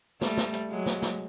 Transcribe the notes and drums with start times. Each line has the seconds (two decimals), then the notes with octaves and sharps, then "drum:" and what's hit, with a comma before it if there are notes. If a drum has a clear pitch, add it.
0.21 G3 A3, drum: snare
0.37 drum: snare
0.54 drum: hi-hat
0.70 F#3 G#3
0.86 drum: snare
1.02 drum: snare